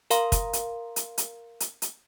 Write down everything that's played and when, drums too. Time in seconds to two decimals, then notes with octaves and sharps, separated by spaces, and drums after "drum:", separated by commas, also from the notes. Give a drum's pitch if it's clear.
0.10 A#4 F5 A#5 C6, drum: hi-hat
0.32 drum: kick, hi-hat
0.53 drum: hi-hat
0.96 drum: hi-hat
1.18 drum: hi-hat
1.60 drum: hi-hat
1.82 drum: hi-hat